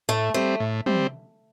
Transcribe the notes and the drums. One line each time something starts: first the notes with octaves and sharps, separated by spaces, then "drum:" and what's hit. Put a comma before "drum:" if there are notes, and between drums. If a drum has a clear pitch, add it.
A2 A3
G3 A3 C4
A2
G3 C4, drum: tom